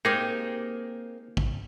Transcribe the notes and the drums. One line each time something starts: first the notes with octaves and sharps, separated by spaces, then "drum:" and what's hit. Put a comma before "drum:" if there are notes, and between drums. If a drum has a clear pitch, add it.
A#3 C4 D#4 G4 G#4
drum: kick